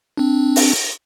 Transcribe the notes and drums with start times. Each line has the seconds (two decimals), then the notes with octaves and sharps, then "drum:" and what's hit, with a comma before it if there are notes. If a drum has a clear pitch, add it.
0.17 C4 D4
0.56 drum: open hi-hat